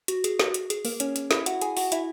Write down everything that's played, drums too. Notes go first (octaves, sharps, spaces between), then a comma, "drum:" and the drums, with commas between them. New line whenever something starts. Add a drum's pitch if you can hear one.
F#4, drum: hi-hat
G#4, drum: hi-hat
F#4, drum: snare
drum: hi-hat
G#4, drum: hi-hat
A#3 A#4, drum: open hi-hat
C#4 C#5, drum: hi-hat
drum: hi-hat
E4 E5, drum: snare
F#4 F#5, drum: hi-hat
G#4 G#5, drum: hi-hat
F#4 F#5, drum: open hi-hat
E4 E5, drum: hi-hat